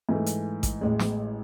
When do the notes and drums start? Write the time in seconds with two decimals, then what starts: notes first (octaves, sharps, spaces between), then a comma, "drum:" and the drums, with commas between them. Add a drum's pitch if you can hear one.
0.09 G#2 E3 A3
0.26 drum: hi-hat
0.63 drum: kick A1, hi-hat
0.81 A1 A2 G#3
0.99 drum: snare